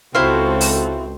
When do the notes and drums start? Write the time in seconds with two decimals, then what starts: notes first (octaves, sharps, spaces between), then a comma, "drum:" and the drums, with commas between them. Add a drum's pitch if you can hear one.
0.15 C#2 C4 E4 F#4 A4 C5 F5
0.61 drum: open hi-hat